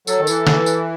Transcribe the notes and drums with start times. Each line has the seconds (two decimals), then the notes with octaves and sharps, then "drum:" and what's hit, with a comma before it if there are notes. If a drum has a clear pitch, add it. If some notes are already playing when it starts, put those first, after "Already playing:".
0.07 F#3 A4, drum: tambourine
0.19 D#3
0.27 E3, drum: tambourine
0.47 drum: snare
0.66 drum: tambourine